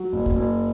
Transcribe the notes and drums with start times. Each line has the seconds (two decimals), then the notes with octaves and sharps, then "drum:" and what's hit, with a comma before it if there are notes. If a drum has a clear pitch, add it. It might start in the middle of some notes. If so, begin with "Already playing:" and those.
Already playing: F#3
0.12 F#1
0.26 drum: kick
0.35 F#1